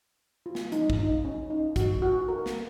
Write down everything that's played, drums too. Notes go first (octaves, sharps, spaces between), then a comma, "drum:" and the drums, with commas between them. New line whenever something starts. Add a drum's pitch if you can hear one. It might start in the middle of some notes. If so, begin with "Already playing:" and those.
F4
drum: snare
F3 G#3 C#4 D#4, drum: hi-hat
drum: kick
D#4
C#4
D#4
F#3 C#4 F#4, drum: kick, hi-hat
F#4
A#4
drum: snare